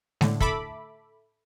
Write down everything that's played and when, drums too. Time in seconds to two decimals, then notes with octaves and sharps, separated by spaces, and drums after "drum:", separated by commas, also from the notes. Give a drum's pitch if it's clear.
0.21 A2 D3, drum: snare G#3
0.40 A4 E5 B5 D6, drum: kick